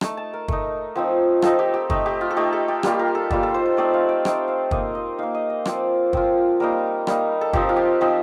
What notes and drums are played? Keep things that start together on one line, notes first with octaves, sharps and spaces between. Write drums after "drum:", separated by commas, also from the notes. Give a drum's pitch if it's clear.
A3 D#4 A5, drum: rim click
A5
A#4
A3 D#4, drum: kick
F3 C4 D#4
F3 C4 D#4 A4, drum: rim click
G4
G4
A3 D#4, drum: kick
G4
F4
A4
A3 D#4 G4
A4
G4
G3 A#3 F4 G4, drum: rim click
A#4
A4
G3 A#3 F4 A4, drum: kick
A4
C5
C5
A3 C4 D#4 D5
F5
G5
A3 C4 D#4 G5, drum: rim click
F5
A#3 D#4 D#5, drum: kick
D#5
A#3 D#4 F5
D#5
D#5
F3 C4 F4 D5, drum: rim click
F3 C4 F4, drum: kick
G3 A#3 D#4 A#4
G3 A#3 D#4, drum: rim click
A4
F3 C4 D#4 G4, drum: kick
F4
G4
F3 C4 D#4